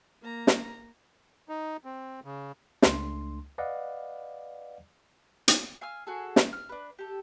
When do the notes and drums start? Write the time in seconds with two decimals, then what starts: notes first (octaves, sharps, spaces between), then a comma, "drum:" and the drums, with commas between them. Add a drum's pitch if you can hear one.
0.22 A#3 A#5
0.47 drum: snare
1.49 D#4
1.85 C4
2.25 C#3
2.82 C#2 A3 D4 C6, drum: snare
3.58 B4 D5 D#5 F5 F#5
5.48 drum: hi-hat
5.81 F5 G#5 E6 F6
6.07 F#4 G#4 A4
6.36 drum: snare
6.53 F6
6.69 D4 B4
6.99 G4 A4